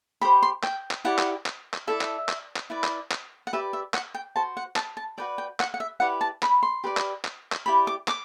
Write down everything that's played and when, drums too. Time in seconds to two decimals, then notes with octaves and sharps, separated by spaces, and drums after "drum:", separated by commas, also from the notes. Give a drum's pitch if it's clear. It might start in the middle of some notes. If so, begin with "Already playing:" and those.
0.21 G4 C5 B5
0.43 C6
0.63 G5, drum: clap
0.91 drum: clap
1.05 E4 G4 D5 F#5
1.19 drum: clap
1.46 drum: clap
1.74 drum: clap
1.87 E4 A4 D5 E5
2.01 drum: clap
2.29 drum: clap
2.56 drum: clap
2.70 E4 B4 D5
2.84 drum: clap
3.11 drum: clap
3.47 F#5
3.53 G4 B4 D5 E5
3.73 E5
3.94 F#5, drum: clap
4.14 G5
4.36 F#4 C5 A5
4.57 F#5
4.76 A5, drum: clap
4.97 A5
5.18 F#4 B4 D5 G5
5.38 G5
5.60 F#5, drum: clap
5.74 F#5
5.80 E5
6.00 E4 G4 B4 D5 F#5
6.21 A5
6.43 B5, drum: clap
6.63 C6
6.84 G4 B4 D5
6.97 drum: clap
7.25 drum: clap
7.52 drum: clap
7.66 E4 G4 D5 B5
7.87 D6
8.08 D6, drum: clap